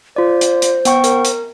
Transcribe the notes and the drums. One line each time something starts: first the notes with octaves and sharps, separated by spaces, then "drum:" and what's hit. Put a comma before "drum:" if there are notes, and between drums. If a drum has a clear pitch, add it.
F4 C5 D5
drum: hi-hat
drum: hi-hat
B3 G5 C#6, drum: hi-hat
A#4, drum: hi-hat
drum: hi-hat